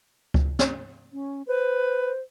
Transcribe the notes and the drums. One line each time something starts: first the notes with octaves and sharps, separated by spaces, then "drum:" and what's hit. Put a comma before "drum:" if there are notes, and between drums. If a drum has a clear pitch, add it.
drum: kick C#2
drum: snare
C#4
B4 C5